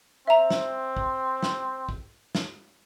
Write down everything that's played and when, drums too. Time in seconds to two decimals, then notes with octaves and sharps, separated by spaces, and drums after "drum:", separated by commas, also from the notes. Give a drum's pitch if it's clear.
0.27 C4 E5 A#5
0.50 drum: snare
0.96 drum: kick
1.43 drum: snare
1.89 drum: kick
2.35 drum: snare